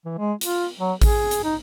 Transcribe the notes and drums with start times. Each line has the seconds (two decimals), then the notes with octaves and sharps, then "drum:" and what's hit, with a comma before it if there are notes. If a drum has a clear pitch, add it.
0.05 E3
0.18 G#3
0.41 F4, drum: hi-hat
0.79 F#3
1.02 G#4, drum: kick A1, open hi-hat
1.31 drum: hi-hat
1.44 D#4